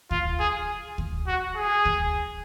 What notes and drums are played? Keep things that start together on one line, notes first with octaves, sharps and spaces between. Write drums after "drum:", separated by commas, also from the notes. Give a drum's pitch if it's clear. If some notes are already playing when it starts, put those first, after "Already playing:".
F4, drum: kick D2
G#4
drum: kick D2
F#4
G#4
drum: kick D2